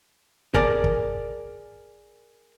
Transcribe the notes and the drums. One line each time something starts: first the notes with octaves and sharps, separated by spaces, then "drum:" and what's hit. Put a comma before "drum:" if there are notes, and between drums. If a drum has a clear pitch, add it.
G#4 A#4 D5 A5, drum: kick
drum: kick